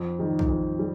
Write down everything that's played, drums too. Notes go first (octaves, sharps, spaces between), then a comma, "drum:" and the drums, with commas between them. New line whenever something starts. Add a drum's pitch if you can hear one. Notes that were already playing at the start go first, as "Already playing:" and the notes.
Already playing: F2
D#3 G3
drum: kick
F2
G3